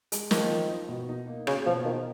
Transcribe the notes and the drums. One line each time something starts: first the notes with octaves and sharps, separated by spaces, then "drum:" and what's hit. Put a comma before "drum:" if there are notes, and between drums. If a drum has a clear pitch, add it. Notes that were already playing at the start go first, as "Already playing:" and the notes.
G#3, drum: hi-hat
D#3 F3, drum: snare
F3
D#4
B2
D#4
A#3
C#3 F#4, drum: rim click
B2 F3
D#3 D#4